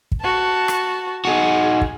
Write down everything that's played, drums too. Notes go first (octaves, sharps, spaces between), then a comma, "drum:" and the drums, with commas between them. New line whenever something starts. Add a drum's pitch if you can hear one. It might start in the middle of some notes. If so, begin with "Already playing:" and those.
drum: kick
F#4 A5
drum: rim click
D#4 F#4 G#4
drum: kick